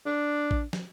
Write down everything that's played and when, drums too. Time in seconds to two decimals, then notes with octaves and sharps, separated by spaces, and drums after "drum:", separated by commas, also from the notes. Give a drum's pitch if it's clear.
0.06 D4
0.51 drum: kick A1
0.73 drum: snare